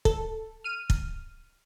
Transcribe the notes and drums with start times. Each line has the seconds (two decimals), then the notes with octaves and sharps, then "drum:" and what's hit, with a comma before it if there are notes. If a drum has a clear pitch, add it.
0.05 A4, drum: kick
0.64 F6 D#7
0.90 drum: kick